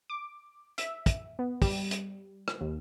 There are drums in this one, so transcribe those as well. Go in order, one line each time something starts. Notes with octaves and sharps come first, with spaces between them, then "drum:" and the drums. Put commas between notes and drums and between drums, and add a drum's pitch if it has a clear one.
D6
E5, drum: hi-hat
drum: kick, hi-hat
B3
G3, drum: kick, open hi-hat
drum: hi-hat
drum: rim click
D#2